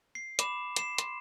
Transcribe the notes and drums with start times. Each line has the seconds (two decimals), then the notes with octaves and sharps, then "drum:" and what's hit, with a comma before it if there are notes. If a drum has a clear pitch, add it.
0.15 C7
0.39 B5 D6 E7, drum: hi-hat
0.76 C7 E7, drum: hi-hat
0.98 C6, drum: hi-hat